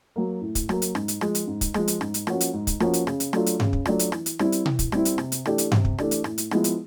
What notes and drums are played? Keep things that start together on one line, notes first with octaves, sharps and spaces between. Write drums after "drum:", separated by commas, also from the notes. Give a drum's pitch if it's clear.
F#3 A#3
A2
drum: kick, hi-hat
F#3 A#3, drum: rim click
drum: hi-hat
G#2, drum: rim click
drum: hi-hat
F3 G#3, drum: rim click
drum: hi-hat
G#2
drum: kick, hi-hat
F3 G#3, drum: rim click
drum: hi-hat
G#2, drum: rim click
drum: hi-hat
F3 A#3 C#4 F#4, drum: rim click
drum: hi-hat
G#2
drum: kick, hi-hat
F3 A#3 C#4 F#4, drum: rim click
drum: hi-hat
C#3, drum: rim click
drum: hi-hat
F#3 A3 D4 F4, drum: rim click
drum: hi-hat
C#3, drum: tom G2
drum: kick
F#3 A3 D4 F4, drum: rim click
drum: hi-hat
E3, drum: rim click
drum: hi-hat
G3 C4 E4, drum: rim click
drum: hi-hat
E3, drum: tom B2
drum: kick, hi-hat
G3 C4 E4, drum: rim click
drum: hi-hat
C3, drum: rim click
drum: hi-hat
E3 A3 D4 G4, drum: rim click
drum: hi-hat
C3, drum: tom G2
drum: kick
E3 A3 D4 G4, drum: rim click
drum: hi-hat
A2, drum: rim click
drum: hi-hat
F3 G#3 B3 E4, drum: rim click
drum: hi-hat